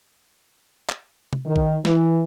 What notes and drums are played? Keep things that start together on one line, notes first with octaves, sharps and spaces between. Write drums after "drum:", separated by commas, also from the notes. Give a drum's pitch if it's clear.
drum: clap
drum: tom
D#3
drum: kick A#1
E3, drum: snare